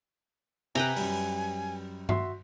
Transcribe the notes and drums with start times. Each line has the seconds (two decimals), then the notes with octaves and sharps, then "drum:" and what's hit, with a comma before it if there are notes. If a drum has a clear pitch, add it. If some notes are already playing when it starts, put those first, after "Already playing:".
0.75 C3 B4 G5 G#5 A#5, drum: cymbal
0.96 F#2 G3, drum: open hi-hat
2.09 F#4 E5 C6, drum: tom G2